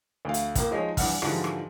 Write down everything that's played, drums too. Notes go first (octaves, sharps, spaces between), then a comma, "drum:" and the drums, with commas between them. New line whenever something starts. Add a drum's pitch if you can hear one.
D2 F5
drum: hi-hat
C#2 A#3, drum: kick, hi-hat
F3 G#3 D#4 G#4 C#5
E2 G2 F#5 F6, drum: kick, open hi-hat
G#2 D3 E3 F3 G3 G#3, drum: rim click
drum: rim click